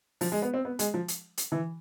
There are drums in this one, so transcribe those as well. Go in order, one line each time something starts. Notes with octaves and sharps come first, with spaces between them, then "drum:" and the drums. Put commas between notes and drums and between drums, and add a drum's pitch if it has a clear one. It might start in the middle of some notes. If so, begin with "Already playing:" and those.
F3, drum: open hi-hat
G#3
B3
C4
B3
G#3, drum: hi-hat
F3
drum: hi-hat
drum: hi-hat
E3